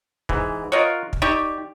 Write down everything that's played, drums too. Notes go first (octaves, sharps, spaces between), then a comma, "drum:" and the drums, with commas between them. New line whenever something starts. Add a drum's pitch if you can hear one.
G#2 E3, drum: kick
F4 A#4 C#5 D#5 F#5
drum: kick
D#4 G4 D5 C#6